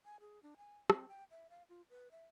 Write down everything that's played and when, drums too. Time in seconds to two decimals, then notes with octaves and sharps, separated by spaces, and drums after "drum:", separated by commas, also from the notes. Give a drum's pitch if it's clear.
0.05 G#5
0.20 G#4
0.43 D4
0.57 G#5
0.90 C4, drum: rim click
1.09 G5
1.31 E5
1.50 F5
1.69 F4
1.90 B4
2.11 E5